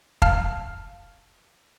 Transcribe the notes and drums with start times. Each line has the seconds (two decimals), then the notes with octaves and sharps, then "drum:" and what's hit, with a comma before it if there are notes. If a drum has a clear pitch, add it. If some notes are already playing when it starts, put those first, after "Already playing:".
0.22 F5 A5 F6, drum: kick